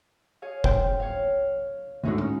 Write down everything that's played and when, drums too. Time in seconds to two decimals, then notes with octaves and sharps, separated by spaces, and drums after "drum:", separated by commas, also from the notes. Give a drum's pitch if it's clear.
0.42 G#4 C#5 F5
0.64 C5 G5, drum: kick F1
1.00 C#5 F5
2.04 D2 A2 D3 G#3 D#4 F#4
2.22 C#4